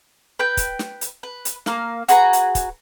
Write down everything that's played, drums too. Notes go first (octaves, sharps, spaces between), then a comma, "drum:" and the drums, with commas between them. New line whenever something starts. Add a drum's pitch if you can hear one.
B4 G5 G6
drum: kick, hi-hat
drum: snare
drum: hi-hat
B4
drum: hi-hat
A#3 F5, drum: snare
F#4 G#4 B4 A#5, drum: hi-hat
drum: hi-hat
drum: kick, hi-hat